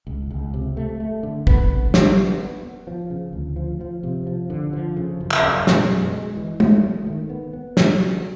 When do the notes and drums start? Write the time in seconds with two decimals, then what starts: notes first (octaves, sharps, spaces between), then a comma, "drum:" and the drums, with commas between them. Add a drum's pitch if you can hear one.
0.07 C#2
0.31 C#2
0.54 C3
0.77 A3
1.00 A3
1.23 D3
1.47 B3, drum: kick
1.70 C2
1.94 G3, drum: snare
2.17 B3
2.40 B3
2.63 B3
2.87 F3
3.10 C#3
3.33 D2
3.56 F3
3.81 F3
4.03 C3
4.27 F3
4.50 D3
4.73 F3
4.97 C#3
5.21 F#2
5.31 drum: clap
5.43 F#2
5.67 B2, drum: snare
5.89 G#3
6.13 G#3
6.37 E3
6.60 A3, drum: tom
6.84 A3
7.06 D#3
7.30 B3
7.53 B3
7.77 F#3, drum: snare
8.00 F#3